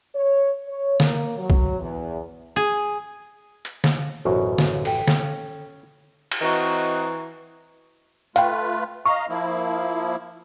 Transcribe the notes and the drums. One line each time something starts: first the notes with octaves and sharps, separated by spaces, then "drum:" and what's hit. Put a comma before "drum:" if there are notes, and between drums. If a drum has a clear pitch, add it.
C#5
C#5
A#3, drum: snare
F#3
drum: kick B1
E2
G#4
drum: hi-hat
drum: snare
A1 F#2 B2 F#4 C5 C#6
drum: snare
A4 G5, drum: open hi-hat
C#4, drum: snare
drum: cymbal
E3 C4 F#4 D#5 A#5 C#6
A3 F4 B4 F5 G5, drum: hi-hat
D#5 F5 A#5 C#6
F3 A#3 E4